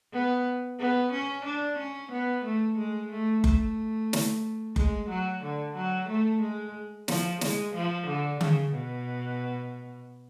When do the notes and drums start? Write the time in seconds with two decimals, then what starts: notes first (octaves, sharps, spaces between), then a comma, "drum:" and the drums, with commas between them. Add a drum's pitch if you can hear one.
0.12 B3
0.79 B3
1.12 C#4
1.45 D4
1.79 C#4
2.12 B3
2.45 A3
2.78 G#3
3.11 A3
3.44 A3, drum: kick F#1
4.13 drum: snare
4.76 G#3, drum: kick F#1
5.10 F#3
5.43 D3
5.75 F#3
6.09 A3
6.42 G#3
7.08 F3, drum: snare
7.41 G#3, drum: snare
7.75 F3
8.07 D3
8.41 C#3, drum: tom D3
8.73 B2